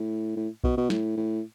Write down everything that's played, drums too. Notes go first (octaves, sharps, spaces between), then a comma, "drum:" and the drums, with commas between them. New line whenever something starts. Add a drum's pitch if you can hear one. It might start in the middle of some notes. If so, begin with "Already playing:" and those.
Already playing: A2
A2
B2, drum: kick B1
B2
A2, drum: snare
A2